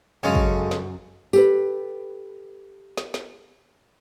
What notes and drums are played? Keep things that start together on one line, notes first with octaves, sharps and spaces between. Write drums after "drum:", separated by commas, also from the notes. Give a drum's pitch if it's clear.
F#2 C#3 G#3 C#4 A4 F5
drum: kick
drum: snare
G4 A4 B4, drum: tambourine
drum: snare
drum: snare